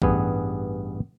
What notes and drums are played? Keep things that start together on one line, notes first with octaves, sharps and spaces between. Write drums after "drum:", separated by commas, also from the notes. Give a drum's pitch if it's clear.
A1 G2 B3 G#4, drum: kick B1